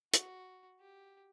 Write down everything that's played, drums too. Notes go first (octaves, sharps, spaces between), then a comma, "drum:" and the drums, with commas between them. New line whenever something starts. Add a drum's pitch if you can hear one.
F#4, drum: hi-hat
G4